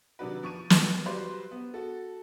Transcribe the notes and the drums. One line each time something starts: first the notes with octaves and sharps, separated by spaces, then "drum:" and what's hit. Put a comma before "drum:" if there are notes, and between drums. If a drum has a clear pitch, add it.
C3 D#3 F#3 D4 F#4 B4
F3 C#6 D#7
drum: snare
F#3 G3 B4 C5 D5 C6
B3
F#4 A4